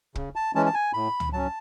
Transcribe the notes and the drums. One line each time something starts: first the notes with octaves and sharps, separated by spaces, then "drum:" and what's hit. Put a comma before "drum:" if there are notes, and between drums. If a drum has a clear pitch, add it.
C#3, drum: kick
A5
E3 G#3 C#4 A5
A5
G#5
A2 B5
drum: tom C#2
F#3 C#4 A5